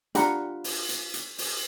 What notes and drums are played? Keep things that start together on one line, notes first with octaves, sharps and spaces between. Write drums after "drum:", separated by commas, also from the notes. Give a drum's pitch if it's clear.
D4 F4 G4 F#5 A#5 B5, drum: hi-hat
drum: open hi-hat
drum: hi-hat
drum: hi-hat
drum: open hi-hat